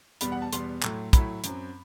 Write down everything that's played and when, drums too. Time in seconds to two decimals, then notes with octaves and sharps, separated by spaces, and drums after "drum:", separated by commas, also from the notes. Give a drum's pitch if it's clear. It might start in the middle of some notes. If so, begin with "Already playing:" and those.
0.21 E2 B2 G3 B3 B5, drum: hi-hat
0.32 F#5
0.42 A5
0.53 E2 B2 G3 B3 C6, drum: hi-hat
0.83 A2 F#3 A3 E4, drum: clap
1.13 A2 F#3 A3 E4 B5, drum: kick, hi-hat
1.44 F#2 F#3 C4, drum: hi-hat